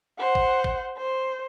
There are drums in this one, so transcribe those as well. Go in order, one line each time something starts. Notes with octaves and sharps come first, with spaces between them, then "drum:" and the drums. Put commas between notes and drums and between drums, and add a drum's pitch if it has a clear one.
C5 F#5
drum: kick
drum: kick
C5